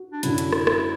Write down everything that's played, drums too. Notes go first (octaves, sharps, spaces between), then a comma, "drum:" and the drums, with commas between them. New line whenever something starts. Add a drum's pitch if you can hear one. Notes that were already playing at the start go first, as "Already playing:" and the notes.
Already playing: F#4
D4
F#2 D3 F#3 E4, drum: hi-hat
drum: hi-hat
drum: rim click
drum: rim click